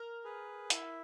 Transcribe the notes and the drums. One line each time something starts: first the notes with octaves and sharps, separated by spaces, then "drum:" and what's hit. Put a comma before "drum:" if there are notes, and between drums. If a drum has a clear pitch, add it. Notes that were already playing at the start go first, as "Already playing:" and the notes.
Already playing: A#4
G#4 B4
E4, drum: hi-hat